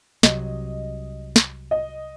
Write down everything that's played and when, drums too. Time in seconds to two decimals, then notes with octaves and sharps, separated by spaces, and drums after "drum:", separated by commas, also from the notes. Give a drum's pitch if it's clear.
0.23 C2 C3 F#3 D#5, drum: snare
1.36 drum: snare
1.71 D#5